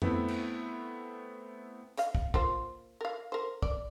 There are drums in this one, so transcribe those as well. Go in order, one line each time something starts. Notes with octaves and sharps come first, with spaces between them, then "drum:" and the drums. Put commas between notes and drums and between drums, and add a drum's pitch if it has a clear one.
A3 B3 C4 E4, drum: tom F2
drum: cymbal
C5 D#5 F5, drum: hi-hat
drum: kick
A#3 F4 C5, drum: kick
A#4 F5
A#4 C5
D5, drum: kick